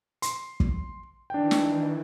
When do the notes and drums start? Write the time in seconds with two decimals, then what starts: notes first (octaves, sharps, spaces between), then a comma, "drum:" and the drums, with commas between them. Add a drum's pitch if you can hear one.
0.22 C6, drum: hi-hat
0.60 drum: kick
1.30 D#3 E3 D4 G5
1.51 drum: snare